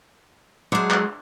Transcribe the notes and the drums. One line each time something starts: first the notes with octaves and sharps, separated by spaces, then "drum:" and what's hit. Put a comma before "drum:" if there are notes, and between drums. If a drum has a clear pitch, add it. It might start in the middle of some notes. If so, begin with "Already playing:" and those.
F#3 G#3 D4 C5 E5
drum: clap